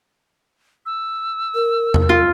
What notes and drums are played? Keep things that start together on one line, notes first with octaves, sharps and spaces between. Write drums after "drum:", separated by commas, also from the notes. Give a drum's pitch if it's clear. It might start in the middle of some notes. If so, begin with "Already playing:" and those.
E6
A#4
drum: tom E2
F4